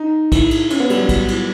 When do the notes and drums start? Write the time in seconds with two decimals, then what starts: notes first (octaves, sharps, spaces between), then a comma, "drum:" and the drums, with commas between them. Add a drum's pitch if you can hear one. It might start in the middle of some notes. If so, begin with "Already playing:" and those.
Already playing: D#4
0.32 E4, drum: kick, cymbal
0.51 drum: cymbal
0.70 C#4, drum: cymbal
0.80 B3
0.90 G3, drum: cymbal
1.00 F#3
1.09 drum: kick, cymbal
1.28 drum: cymbal